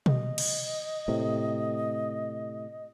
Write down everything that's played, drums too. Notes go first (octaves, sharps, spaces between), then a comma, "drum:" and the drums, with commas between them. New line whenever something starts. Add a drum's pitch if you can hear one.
D#5, drum: tom B2
drum: cymbal
A2 C3